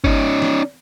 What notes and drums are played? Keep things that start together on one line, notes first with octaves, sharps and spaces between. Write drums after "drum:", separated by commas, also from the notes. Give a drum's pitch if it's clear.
C#4 D#4, drum: kick G1
drum: snare